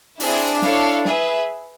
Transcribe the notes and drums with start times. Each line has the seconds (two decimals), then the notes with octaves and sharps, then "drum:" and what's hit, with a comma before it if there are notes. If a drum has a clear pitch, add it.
0.20 C4 D4 E4 G#4, drum: open hi-hat
0.62 E4 A4 C#5 F5, drum: snare
1.05 G#4 B4 E5, drum: snare